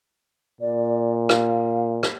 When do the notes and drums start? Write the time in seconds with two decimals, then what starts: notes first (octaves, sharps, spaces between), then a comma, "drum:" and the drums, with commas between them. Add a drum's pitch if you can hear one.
0.61 A#2 D5
1.29 F5, drum: rim click
2.03 drum: rim click